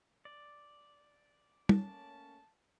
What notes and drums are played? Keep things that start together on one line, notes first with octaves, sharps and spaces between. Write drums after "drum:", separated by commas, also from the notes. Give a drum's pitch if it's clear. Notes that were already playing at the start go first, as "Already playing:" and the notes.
D5
A3 A#3 C#4 A5, drum: tom